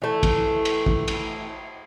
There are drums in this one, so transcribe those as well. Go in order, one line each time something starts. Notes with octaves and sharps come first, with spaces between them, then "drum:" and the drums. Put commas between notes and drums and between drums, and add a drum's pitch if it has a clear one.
E3 A3
drum: kick, cymbal
drum: cymbal
drum: kick
drum: cymbal